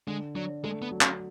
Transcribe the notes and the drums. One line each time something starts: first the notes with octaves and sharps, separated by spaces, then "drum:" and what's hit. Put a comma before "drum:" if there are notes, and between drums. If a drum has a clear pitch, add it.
D3 G#3
F#3 D4
G#3 A3
B3
F#3
C#4, drum: clap